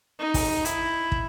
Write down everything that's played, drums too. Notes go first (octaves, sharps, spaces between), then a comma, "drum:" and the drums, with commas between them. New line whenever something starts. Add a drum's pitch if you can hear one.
D#4
drum: kick, open hi-hat
E4, drum: hi-hat
drum: kick